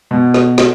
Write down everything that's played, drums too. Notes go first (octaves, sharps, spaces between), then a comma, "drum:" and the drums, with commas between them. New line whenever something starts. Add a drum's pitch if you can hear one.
B2
drum: snare
drum: snare